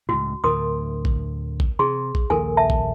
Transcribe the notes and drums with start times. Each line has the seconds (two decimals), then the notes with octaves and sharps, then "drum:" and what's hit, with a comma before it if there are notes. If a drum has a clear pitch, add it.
0.09 C#2 A2 F#4
0.44 D2 A2 D3 A#4 C6 D#6
1.05 drum: kick
1.60 drum: kick
1.79 C3 G#4 C6
2.15 drum: kick
2.30 A#1 D#2 A#2 A4 A#4 G#5
2.57 E5 A5
2.70 drum: kick